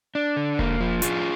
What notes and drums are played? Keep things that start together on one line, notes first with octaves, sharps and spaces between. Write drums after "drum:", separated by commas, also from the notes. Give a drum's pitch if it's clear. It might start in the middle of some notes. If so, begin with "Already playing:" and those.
D4
D3
A#3, drum: kick E1
F3
F2 F4 G#4, drum: hi-hat